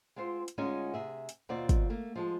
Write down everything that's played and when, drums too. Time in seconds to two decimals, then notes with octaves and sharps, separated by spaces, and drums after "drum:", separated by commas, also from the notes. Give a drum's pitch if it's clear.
0.16 G#3 C4 F4 C5
0.48 drum: hi-hat
0.58 D2 G#3 C#4 D#4 F4 G#5
0.94 C3 G#4 E5
1.29 drum: hi-hat
1.49 D#2 B2 C4 F4 D5
1.69 drum: kick, hi-hat
1.90 A3 A#3
2.16 F3 G#3 A5